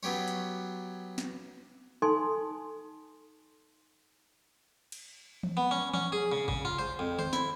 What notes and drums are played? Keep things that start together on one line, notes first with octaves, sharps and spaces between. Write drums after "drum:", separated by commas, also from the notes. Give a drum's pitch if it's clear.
F#3 B3 G4 C#5
drum: hi-hat
drum: snare
D#4 A4 G#5 C6
drum: cymbal
drum: tom
B3
C#4
C#4, drum: tom
G#4
C#3
C#3, drum: kick G#1
F4
C5
F2
C5, drum: tom D3
E4, drum: snare